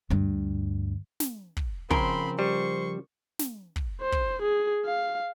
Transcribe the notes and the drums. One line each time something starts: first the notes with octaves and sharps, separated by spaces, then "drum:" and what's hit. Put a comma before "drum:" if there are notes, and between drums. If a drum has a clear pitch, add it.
D2 G2
drum: snare
drum: kick
C#3 F3 C4 A#4 B5 C6, drum: kick
G3 C5 C#6
drum: snare
drum: kick
C5
drum: kick
G#4
F5